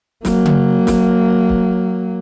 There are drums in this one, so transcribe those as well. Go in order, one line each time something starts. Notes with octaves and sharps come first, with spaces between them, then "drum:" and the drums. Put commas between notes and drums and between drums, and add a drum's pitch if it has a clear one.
F#3 A#3, drum: snare
drum: tom C#3
drum: snare
drum: kick C#1